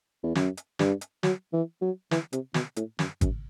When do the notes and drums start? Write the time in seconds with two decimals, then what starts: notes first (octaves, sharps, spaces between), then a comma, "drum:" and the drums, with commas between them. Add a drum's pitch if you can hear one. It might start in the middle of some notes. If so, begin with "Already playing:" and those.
0.23 E2
0.35 F#2, drum: snare
0.57 drum: hi-hat
0.79 G2, drum: snare
1.01 drum: hi-hat
1.23 F#3, drum: snare
1.53 E3
1.81 F#3
2.11 E3, drum: snare
2.33 C3, drum: hi-hat
2.54 B2, drum: snare
2.76 A2, drum: hi-hat
2.99 F#2, drum: snare
3.21 F#2, drum: kick G#1, hi-hat